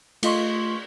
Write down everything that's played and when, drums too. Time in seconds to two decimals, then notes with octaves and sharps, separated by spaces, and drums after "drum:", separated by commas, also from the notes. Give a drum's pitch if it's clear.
0.23 A3 F4 D#5 C6 C#6, drum: cymbal